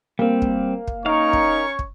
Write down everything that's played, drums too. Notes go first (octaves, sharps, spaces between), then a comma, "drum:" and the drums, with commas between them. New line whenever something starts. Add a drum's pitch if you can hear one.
G3 A#3 C4
drum: kick
drum: kick
C#4 D#4 A#4 C#5 F5 C#6
drum: kick
drum: kick